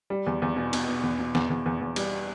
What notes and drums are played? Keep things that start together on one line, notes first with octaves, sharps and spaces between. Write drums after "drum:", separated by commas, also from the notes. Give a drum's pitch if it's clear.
G3
E2
E2
B2
B2, drum: cymbal
B2
E2
B2
E2, drum: snare
E2
E2
E2
G3, drum: cymbal